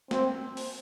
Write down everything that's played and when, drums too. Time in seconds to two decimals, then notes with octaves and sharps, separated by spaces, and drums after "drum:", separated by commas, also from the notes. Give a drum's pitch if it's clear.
0.11 C4, drum: snare
0.57 drum: open hi-hat